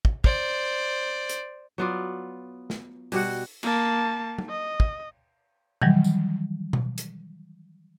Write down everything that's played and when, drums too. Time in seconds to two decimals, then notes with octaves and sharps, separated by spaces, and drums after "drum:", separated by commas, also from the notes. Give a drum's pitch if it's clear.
0.05 drum: kick
0.24 C5 D5, drum: kick
1.29 drum: hi-hat
1.78 F#3 B3 F4 D5
2.70 drum: snare
3.12 B2 G3 F#4 F#5, drum: open hi-hat
3.63 A#3 A5, drum: cymbal
4.39 drum: tom
4.49 D#5
4.80 drum: kick
5.82 D#3 E3 F#3 G3, drum: tom B2
6.04 drum: tambourine
6.73 drum: tom B2
6.98 drum: hi-hat